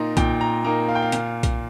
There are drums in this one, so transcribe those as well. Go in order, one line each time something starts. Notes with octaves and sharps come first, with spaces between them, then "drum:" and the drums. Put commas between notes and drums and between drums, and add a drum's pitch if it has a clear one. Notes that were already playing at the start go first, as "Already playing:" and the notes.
Already playing: A#2 A#3 D#4 A#5 C6
A#2 G5, drum: kick B1, hi-hat
A#5
A#3 D#4 A#5
F5
G5
F5
A#2, drum: hi-hat
drum: kick B1, hi-hat